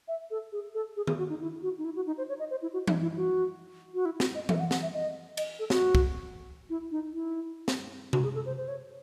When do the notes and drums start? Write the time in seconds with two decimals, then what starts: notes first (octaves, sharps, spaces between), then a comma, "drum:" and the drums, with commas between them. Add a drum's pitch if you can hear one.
0.08 E5
0.31 A4
0.52 G#4
0.74 A4
0.97 G#4
1.07 G#4, drum: tom D#3
1.18 F#4
1.29 D#4
1.40 E4
1.62 F#4
1.78 D#4
1.85 E4
1.96 F#4
2.07 D#4
2.18 C5
2.29 C#5
2.39 D#5
2.51 C5
2.62 E4
2.73 F#4
2.87 D#4, drum: tom E3
3.02 E4
3.17 F#4
3.94 F#4
4.05 E4
4.20 F#4, drum: snare
4.35 D#5
4.49 A4, drum: tom E3
4.55 E5
4.60 F#5
4.71 F#5, drum: snare
4.82 E5
4.93 D#5
5.37 D#5, drum: cymbal
5.59 A4
5.70 F#4, drum: snare
5.95 drum: kick C2
6.70 E4
6.91 D#4
7.14 E4
7.68 drum: snare
8.13 F#4, drum: tom C3
8.23 G#4
8.35 A4
8.46 C5
8.57 C5
8.68 C#5